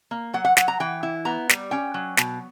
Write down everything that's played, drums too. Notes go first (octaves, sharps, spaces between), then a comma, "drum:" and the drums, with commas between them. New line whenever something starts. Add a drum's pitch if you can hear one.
A#3
F#3 F#5
F#5
F#3 F#5, drum: snare
A#5
E3 G5
E4
B3 A#5
G3, drum: snare
C#4 G5
F#3
B2, drum: snare